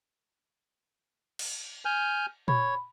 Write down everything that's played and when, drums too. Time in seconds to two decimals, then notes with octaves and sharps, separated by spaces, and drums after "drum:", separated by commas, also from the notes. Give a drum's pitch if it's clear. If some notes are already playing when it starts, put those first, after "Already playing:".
1.39 drum: cymbal
1.85 G#5 F6 G6
2.48 C#5 B5, drum: tom A#2